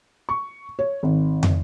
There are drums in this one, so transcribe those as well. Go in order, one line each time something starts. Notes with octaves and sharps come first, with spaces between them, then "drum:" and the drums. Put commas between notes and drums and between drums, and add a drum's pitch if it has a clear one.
C#6
C#5
G#1
drum: tom